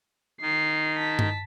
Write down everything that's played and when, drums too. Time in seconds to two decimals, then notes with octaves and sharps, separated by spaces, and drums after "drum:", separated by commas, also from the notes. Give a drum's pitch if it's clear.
0.42 D#3 D#4 C7
0.96 A5 B6
1.19 drum: tom G2